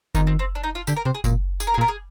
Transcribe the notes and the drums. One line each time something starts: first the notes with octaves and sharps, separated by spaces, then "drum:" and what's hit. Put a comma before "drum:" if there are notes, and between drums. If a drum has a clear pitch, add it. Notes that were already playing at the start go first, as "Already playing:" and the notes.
D#3 D#4, drum: kick F#1, tambourine
C4
C4
D4
D#4
F4
D3 G4, drum: tambourine
A#4
C3 C5
G#4
A#2, drum: kick F#1, tambourine
G#4, drum: tambourine
A#4
G#4
A#2
A#4
G#4